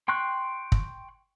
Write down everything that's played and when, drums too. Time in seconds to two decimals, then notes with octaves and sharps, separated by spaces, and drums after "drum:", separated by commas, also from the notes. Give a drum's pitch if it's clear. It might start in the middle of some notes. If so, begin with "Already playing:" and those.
0.08 G5 C6 C#6 F#6
0.72 drum: kick